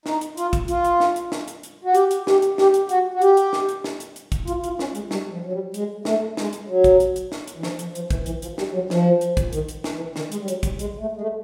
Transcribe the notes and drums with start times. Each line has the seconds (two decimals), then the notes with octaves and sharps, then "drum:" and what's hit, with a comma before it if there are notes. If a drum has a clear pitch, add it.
0.06 D#4, drum: snare
0.21 drum: hi-hat
0.37 F4, drum: hi-hat
0.53 drum: kick, hi-hat
0.68 F4, drum: hi-hat
0.84 drum: hi-hat
1.00 drum: snare
1.16 drum: hi-hat
1.32 drum: snare
1.48 drum: hi-hat
1.63 drum: hi-hat
1.84 F#4
1.95 G4, drum: hi-hat
2.11 drum: hi-hat
2.27 G4, drum: snare
2.42 drum: hi-hat
2.58 G4, drum: snare
2.74 drum: hi-hat
2.89 F#4, drum: hi-hat
3.14 F#4
3.22 G4, drum: hi-hat
3.37 drum: hi-hat
3.53 drum: snare
3.69 drum: hi-hat
3.84 drum: snare
4.00 drum: hi-hat
4.16 drum: hi-hat
4.32 drum: kick, hi-hat
4.48 F4, drum: hi-hat
4.64 F4, drum: hi-hat
4.79 C#4, drum: snare
4.95 G#3, drum: hi-hat
5.11 G3, drum: snare
5.32 F3
5.46 F#3
5.53 G3
5.74 G#3, drum: hi-hat
6.05 A3, drum: snare
6.37 G#3, drum: snare
6.53 drum: hi-hat
6.68 F#3
6.84 drum: kick, hi-hat
7.00 drum: hi-hat
7.16 drum: hi-hat
7.32 drum: snare
7.47 drum: hi-hat
7.58 E3
7.63 F3, drum: snare
7.79 F3, drum: hi-hat
7.95 F3, drum: hi-hat
8.10 E3, drum: kick, hi-hat
8.26 E3, drum: hi-hat
8.42 F3, drum: hi-hat
8.58 G3, drum: snare
8.74 F#3
8.90 F3, drum: snare
9.21 drum: hi-hat
9.37 drum: kick, hi-hat
9.53 D#3, drum: hi-hat
9.68 drum: hi-hat
9.84 drum: snare
9.95 E3
10.16 D#3, drum: snare
10.32 G#3, drum: hi-hat
10.42 G3
10.48 F#3, drum: hi-hat
10.63 G3, drum: kick, hi-hat
10.79 G#3, drum: hi-hat
11.00 A3
11.17 G#3
11.21 A3